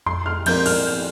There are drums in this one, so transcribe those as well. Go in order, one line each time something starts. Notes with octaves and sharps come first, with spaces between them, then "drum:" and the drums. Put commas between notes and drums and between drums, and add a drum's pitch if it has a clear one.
F2 C6
F6
F3 C4 A#4 D5 G6, drum: cymbal
F6, drum: cymbal